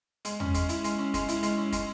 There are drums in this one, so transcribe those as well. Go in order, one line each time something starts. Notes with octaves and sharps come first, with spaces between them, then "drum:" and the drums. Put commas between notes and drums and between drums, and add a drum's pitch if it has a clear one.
G#3, drum: hi-hat
C#4, drum: tom E2
G#3, drum: kick, hi-hat
E4, drum: hi-hat
G#3, drum: hi-hat
C#4
G#3, drum: kick, hi-hat
E4, drum: hi-hat
G#3, drum: hi-hat
C#4
G#3, drum: kick, hi-hat